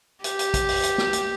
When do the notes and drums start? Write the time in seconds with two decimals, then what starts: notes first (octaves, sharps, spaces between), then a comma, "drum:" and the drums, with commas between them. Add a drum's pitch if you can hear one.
0.24 G4, drum: hi-hat
0.39 drum: hi-hat
0.54 drum: kick, hi-hat
0.69 drum: open hi-hat
0.83 drum: hi-hat
0.98 drum: snare
1.13 drum: hi-hat